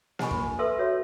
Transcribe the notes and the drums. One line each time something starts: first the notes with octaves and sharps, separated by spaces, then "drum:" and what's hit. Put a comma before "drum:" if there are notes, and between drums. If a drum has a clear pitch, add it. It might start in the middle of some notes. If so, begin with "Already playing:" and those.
C5 D#5 G#5 B5 C#6, drum: snare A#3
drum: kick
A4 B4 E5 C6 E6
F#4 C#5 E5